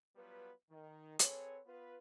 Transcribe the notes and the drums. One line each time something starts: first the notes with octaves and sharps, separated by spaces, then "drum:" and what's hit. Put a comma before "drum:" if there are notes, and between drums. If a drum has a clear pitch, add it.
F#3 G3 B3 F4 B4
D#3
C4 G#4 A4 B4 C#5, drum: hi-hat
B3 F4 B4